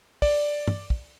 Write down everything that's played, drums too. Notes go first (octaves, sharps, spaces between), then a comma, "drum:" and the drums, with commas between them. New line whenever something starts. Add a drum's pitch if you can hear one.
D5, drum: kick, open hi-hat
drum: tom
drum: kick